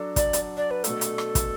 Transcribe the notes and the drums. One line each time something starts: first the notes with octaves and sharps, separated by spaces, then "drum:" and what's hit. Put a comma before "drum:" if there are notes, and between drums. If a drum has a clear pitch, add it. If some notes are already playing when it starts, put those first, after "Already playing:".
Already playing: F#3 D4 F#4 A4
D5, drum: kick, hi-hat
drum: hi-hat
D5
B4
B2 A3 D4 A4, drum: hi-hat
drum: hi-hat
drum: rim click
drum: kick, hi-hat